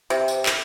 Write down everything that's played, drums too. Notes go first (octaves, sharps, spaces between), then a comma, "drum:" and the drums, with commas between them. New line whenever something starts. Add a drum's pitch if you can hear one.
C3, drum: tambourine
drum: tambourine
drum: clap